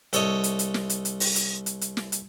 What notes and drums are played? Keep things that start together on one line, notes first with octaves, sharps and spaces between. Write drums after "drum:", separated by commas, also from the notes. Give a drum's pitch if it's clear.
C2 A4 C#5 D#5, drum: hi-hat
drum: hi-hat
drum: hi-hat
drum: snare
drum: hi-hat
drum: hi-hat
drum: open hi-hat
drum: hi-hat
drum: hi-hat
drum: hi-hat
drum: snare
drum: hi-hat